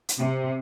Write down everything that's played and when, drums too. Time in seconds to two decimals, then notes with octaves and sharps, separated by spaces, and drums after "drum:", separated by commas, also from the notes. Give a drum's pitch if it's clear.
0.09 drum: hi-hat
0.18 C3